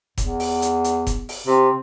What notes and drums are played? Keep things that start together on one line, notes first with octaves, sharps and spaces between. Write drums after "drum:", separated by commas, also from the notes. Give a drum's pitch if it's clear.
E2, drum: kick F1, hi-hat
drum: open hi-hat
drum: hi-hat
drum: hi-hat
drum: kick F1, hi-hat
drum: open hi-hat
C3 C4